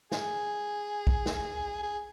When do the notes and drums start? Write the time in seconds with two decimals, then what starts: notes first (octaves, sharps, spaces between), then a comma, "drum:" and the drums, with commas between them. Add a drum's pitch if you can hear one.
0.12 G#4, drum: snare
1.07 drum: kick
1.26 drum: snare
1.83 G#4